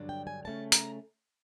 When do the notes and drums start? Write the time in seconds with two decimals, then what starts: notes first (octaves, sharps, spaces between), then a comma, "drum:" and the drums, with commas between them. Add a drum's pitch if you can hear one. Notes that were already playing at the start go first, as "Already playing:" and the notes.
Already playing: G2 D3 F#3 D4
0.09 G5
0.27 G#5
0.45 C#3 F#3 A3 C#4 A5
0.72 A#5, drum: hi-hat